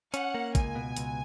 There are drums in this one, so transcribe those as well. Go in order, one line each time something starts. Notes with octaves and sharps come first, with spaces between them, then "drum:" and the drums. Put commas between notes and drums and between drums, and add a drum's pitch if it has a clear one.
C#4 F#5, drum: hi-hat
A#3
C#2 G#5, drum: kick, hi-hat
B2
C#2, drum: hi-hat